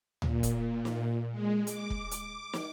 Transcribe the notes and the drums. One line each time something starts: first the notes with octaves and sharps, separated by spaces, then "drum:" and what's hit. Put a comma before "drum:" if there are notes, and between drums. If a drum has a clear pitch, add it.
A#2, drum: tom D2
drum: kick, hi-hat
drum: snare
G#3
D6, drum: hi-hat
drum: kick
drum: hi-hat
drum: snare